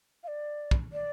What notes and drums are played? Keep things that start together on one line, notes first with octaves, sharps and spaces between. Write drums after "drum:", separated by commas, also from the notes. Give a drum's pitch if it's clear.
F5
D5
drum: kick
D5